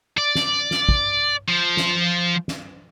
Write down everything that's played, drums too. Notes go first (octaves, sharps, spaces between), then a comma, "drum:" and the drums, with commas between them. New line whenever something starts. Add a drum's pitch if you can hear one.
D5
drum: snare
drum: snare
drum: kick
F3
drum: snare
drum: snare